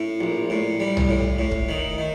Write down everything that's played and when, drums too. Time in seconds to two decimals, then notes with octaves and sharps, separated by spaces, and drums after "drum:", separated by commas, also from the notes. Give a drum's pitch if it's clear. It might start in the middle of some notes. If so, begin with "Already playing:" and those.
Already playing: A2
0.21 A#1
0.50 A2
0.80 G3
0.97 drum: tom B1
1.09 A2
1.39 A2
1.52 drum: kick
1.69 D#3
1.98 D#3